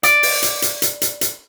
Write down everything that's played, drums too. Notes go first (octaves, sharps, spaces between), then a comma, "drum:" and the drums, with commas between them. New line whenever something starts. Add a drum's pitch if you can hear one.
D5, drum: hi-hat
drum: open hi-hat
drum: hi-hat
drum: hi-hat
drum: hi-hat
drum: hi-hat
drum: hi-hat